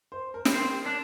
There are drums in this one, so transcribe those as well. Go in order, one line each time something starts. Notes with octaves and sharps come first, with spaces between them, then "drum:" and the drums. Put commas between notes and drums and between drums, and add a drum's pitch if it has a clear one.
C5
A#4
drum: snare
C4
D4